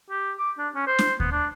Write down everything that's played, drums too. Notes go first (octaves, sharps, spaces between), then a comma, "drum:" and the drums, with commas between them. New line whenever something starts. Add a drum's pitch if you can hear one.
G4
D6
D4
C#4
C5
drum: snare
B3, drum: kick D2
D4